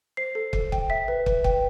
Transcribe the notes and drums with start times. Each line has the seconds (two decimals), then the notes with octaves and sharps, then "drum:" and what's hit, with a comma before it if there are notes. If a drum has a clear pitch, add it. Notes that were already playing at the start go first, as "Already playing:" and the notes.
0.17 C5 C7
0.35 A4
0.53 A4, drum: kick
0.72 G5, drum: kick
0.90 E5 B6
1.08 B4
1.26 B4, drum: kick
1.44 G5, drum: kick